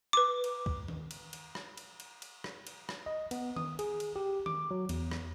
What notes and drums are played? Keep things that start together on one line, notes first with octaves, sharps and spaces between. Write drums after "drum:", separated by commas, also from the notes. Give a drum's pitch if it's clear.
B4 D6
drum: cymbal
drum: kick C#2
drum: tom D#3
drum: cymbal
drum: cymbal
drum: rim click
drum: cymbal
drum: cymbal
drum: cymbal
drum: rim click
drum: cymbal
drum: rim click
D#5
B3, drum: cymbal
D#6, drum: tom D#3
G#4, drum: cymbal
drum: cymbal
G4
D6, drum: tom D#3
F#3
E2, drum: cymbal
drum: rim click